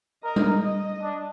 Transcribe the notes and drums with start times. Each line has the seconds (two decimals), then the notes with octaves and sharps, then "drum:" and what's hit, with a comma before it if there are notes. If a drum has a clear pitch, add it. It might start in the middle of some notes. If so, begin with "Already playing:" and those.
0.24 A#4 D#5
0.36 drum: tom G3
0.63 D#5
1.02 D4